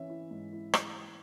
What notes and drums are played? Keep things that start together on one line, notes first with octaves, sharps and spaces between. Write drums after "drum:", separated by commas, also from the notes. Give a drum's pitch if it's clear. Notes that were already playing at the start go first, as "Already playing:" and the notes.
Already playing: E3 C#4 E5
E4
G#2
E4
drum: rim click